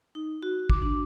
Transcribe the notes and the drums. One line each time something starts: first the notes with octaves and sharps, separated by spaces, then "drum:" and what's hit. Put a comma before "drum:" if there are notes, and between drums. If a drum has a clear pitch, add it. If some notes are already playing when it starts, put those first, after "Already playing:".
D#4
F#4
D6, drum: kick
D4